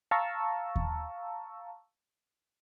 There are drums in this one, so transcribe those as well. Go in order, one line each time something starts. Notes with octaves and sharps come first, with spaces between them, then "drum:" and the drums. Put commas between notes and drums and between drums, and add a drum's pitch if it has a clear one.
F5 A5 A#5 C#6 E6
drum: kick D#2